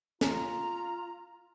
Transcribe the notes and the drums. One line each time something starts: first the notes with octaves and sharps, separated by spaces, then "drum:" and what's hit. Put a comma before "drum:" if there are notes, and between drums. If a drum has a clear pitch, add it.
F4 A#5, drum: snare